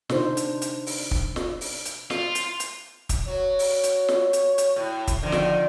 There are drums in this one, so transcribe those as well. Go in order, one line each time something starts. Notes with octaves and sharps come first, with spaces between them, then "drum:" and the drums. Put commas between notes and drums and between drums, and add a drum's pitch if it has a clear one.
C3 D4 D#4 C5, drum: snare
drum: hi-hat
drum: hi-hat
drum: open hi-hat
drum: kick
drum: snare
drum: open hi-hat
drum: hi-hat
F4, drum: snare
drum: hi-hat
drum: hi-hat
drum: kick, hi-hat
F#3 C#5
drum: open hi-hat
drum: hi-hat
drum: snare
drum: hi-hat
drum: hi-hat
A2
drum: kick, hi-hat
D3 D#3 F3
drum: snare